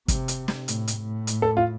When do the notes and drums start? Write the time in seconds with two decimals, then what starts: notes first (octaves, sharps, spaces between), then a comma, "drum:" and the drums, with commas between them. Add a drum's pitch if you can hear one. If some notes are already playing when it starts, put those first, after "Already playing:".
0.08 C3, drum: kick, hi-hat
0.28 drum: hi-hat
0.48 drum: snare
0.68 A2, drum: hi-hat
0.88 drum: hi-hat
0.98 A2
1.27 drum: hi-hat
1.42 A4
1.57 F4